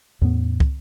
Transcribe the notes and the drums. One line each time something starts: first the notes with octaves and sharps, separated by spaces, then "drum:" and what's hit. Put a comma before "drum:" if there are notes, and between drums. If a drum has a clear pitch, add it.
E2 A2 B3
drum: kick